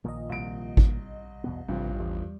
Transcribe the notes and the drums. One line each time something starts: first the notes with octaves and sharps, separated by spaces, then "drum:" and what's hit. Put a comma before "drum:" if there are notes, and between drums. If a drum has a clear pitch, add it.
A#1 A#2 D#3 F3 D#5
C2 D7
drum: kick G#1
E2 B2 B3
A1 G2 C3 F3
E2 G3